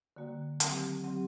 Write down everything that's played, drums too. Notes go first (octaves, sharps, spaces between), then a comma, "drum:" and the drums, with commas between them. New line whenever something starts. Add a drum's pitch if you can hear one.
D3 G3 A#3 F#4
D#3 F#3 C4 G4, drum: hi-hat
D#3 F#3 C4 G4